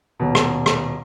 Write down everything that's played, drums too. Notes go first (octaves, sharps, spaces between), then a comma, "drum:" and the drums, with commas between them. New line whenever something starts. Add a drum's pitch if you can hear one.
D#1 B2
drum: rim click
drum: rim click